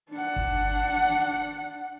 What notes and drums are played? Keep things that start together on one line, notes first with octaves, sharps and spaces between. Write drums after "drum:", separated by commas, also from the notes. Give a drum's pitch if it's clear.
D4 F#5
drum: kick G1